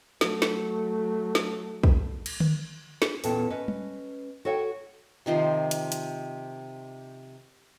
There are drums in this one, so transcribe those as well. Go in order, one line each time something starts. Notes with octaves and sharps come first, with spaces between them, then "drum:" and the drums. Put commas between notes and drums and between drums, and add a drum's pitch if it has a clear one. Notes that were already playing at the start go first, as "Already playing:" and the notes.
F#3 A3, drum: snare
drum: snare
drum: snare
drum: kick
drum: cymbal
drum: tom D3
G#4, drum: snare
E2 A#2 B3 C#4 A4 G5, drum: open hi-hat
C#4 B4 D#5
drum: tom G3
F#4 A4 C#5 F#5 G5
C3 D#3 F3 C6
drum: hi-hat
drum: hi-hat